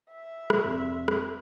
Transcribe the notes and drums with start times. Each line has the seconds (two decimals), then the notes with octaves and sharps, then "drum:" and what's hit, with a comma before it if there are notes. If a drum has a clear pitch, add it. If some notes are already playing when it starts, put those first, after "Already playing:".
0.11 E5
0.50 drum: rim click
0.64 F1 C6
1.08 drum: rim click